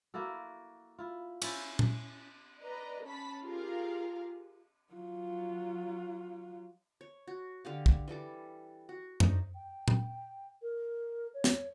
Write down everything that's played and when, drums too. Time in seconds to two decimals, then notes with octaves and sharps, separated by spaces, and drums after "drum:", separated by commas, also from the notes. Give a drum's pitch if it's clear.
0.14 A#3 E4 F#4 A4
0.99 E4 F4
1.42 C#4 E4 C5, drum: cymbal
1.79 drum: tom A#2
2.63 B4 D5 D#5 A#5
3.05 C#4 A5 B5 B6
3.44 F4 G4 G#4 A#4 F5
4.93 F#3 F4
7.01 C#5
7.27 F#4
7.65 D3 G4 F5
7.86 drum: kick
8.08 E3 G3 A4 D6
8.89 F#4
9.20 A3 D4 D#4 C5, drum: tom F#2
9.55 G5
9.88 drum: tom A#2
10.62 A#4
11.34 C#5
11.44 drum: snare